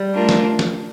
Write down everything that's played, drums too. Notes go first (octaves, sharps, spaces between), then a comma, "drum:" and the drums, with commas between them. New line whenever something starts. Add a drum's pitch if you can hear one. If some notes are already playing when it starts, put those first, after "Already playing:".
Already playing: G3
A3 D4 F4 A#4
drum: snare
drum: snare